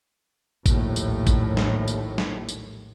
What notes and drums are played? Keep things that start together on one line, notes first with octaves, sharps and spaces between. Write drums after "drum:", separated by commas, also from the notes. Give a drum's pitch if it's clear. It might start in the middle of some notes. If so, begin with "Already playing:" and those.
A#1 D#2 A2, drum: kick G#1, tambourine
drum: tambourine
drum: kick G#1, tambourine
drum: snare
drum: tambourine
drum: snare
drum: tambourine